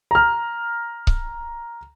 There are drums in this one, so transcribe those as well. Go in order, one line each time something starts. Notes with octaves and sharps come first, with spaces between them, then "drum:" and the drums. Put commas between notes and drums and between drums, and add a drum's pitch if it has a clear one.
A#5 F6
drum: kick C#1